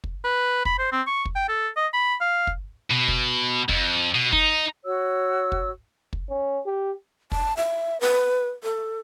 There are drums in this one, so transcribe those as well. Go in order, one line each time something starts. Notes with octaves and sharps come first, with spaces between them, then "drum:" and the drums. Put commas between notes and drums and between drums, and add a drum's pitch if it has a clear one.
drum: kick
B4
B5, drum: kick
C5
C4
C#6
drum: kick
G5
A4
D#5
B5
F5
drum: kick
B2
drum: kick
F2, drum: kick
B2
D#4, drum: kick
F#4 C#5 E6
drum: kick
drum: kick
C#4
G4
A5, drum: kick
E5
B4
A4